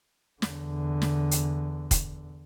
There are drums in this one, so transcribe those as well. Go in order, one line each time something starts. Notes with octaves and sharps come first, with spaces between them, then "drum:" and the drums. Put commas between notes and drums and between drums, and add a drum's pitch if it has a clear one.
E2 D3, drum: snare
drum: snare
drum: hi-hat
drum: kick, hi-hat